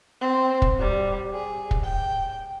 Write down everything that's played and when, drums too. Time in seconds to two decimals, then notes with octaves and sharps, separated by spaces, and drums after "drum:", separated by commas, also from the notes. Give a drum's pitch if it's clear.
0.21 C4
0.62 drum: kick
0.79 G3
1.33 G#4
1.71 drum: kick
1.84 G5